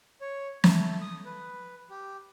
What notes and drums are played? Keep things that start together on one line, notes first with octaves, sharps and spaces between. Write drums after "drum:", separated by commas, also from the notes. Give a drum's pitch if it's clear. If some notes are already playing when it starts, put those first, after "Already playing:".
C#5
A3, drum: snare
D#6
B4
G4